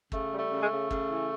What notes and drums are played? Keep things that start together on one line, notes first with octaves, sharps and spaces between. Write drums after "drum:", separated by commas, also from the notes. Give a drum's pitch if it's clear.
C#3 A3, drum: kick
G3
A3
C#3
G#3
A3
C#3
C#3, drum: kick
E3